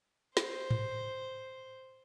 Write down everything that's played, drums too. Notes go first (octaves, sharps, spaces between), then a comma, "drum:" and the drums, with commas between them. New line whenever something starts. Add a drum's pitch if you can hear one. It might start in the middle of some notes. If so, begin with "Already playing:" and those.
C5, drum: snare
drum: tom G#2